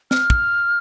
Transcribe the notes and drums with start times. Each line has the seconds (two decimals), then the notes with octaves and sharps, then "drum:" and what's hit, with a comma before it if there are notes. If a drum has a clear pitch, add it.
0.11 F6, drum: snare
0.30 drum: kick